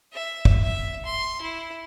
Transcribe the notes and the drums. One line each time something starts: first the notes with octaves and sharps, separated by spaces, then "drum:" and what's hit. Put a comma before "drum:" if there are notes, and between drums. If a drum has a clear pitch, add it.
E5
drum: kick
E5
C6
E4